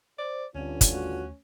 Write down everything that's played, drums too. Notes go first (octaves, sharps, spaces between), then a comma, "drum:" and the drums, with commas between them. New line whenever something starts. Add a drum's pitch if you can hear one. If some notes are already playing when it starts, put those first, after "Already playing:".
C5 D5
D2 G2 D3 C4 C#4 F4
drum: kick, hi-hat
D#2 A3 F#4